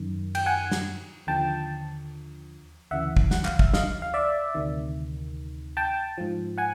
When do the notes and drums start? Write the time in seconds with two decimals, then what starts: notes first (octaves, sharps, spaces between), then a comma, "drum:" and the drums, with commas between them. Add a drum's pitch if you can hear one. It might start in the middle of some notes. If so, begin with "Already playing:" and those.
Already playing: F#2 D#3
0.35 G5, drum: cymbal
0.46 F#5 G#5
0.72 drum: snare
1.27 D#2 D3 F3 G5 A5
2.91 D2 C#3 E3 E5 F#5
3.17 drum: kick
3.31 F#5, drum: snare
3.45 F5, drum: clap
3.59 E5, drum: kick
3.74 D#5 F5, drum: snare
4.02 F5
4.14 D5 E5
4.55 D2 C3 D#3
5.77 G5 A5
6.18 G#2 F3
6.58 F#5 G#5